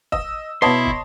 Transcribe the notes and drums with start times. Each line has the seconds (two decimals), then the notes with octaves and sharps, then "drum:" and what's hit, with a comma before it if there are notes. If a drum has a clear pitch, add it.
0.12 D#5 E6, drum: kick
0.62 B2 B3 E4 C#5 D#5 E5 A5 C6
0.86 drum: kick